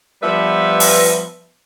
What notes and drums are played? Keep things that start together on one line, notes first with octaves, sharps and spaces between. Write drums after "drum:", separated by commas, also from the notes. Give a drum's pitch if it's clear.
F3 G3 B3 B4 E5
drum: open hi-hat